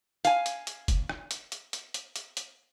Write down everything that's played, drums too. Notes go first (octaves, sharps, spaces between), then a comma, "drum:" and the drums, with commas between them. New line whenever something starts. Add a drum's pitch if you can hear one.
F5 G#5, drum: hi-hat
drum: hi-hat
drum: hi-hat
drum: kick, hi-hat
drum: rim click
drum: hi-hat
drum: hi-hat
drum: hi-hat
drum: hi-hat
drum: hi-hat
drum: hi-hat